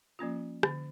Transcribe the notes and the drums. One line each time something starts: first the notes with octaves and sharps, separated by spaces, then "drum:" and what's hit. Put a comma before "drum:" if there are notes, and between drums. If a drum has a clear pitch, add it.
F3 A#3 C#4 F4
D3, drum: rim click